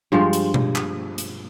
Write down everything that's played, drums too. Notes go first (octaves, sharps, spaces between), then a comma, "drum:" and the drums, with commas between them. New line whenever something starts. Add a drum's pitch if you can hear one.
G2 F3 G#3 C5
drum: hi-hat
drum: tom B2
drum: clap
drum: hi-hat